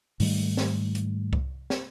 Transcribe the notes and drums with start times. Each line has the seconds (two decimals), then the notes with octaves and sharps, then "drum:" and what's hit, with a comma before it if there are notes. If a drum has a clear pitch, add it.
0.20 G#2 D#3 G3 A3, drum: open hi-hat
0.57 drum: snare
0.95 drum: hi-hat
1.33 drum: kick C2
1.70 drum: snare